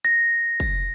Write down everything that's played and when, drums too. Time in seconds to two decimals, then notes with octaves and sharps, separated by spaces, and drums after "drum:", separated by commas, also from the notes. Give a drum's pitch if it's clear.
0.05 A#6
0.60 drum: kick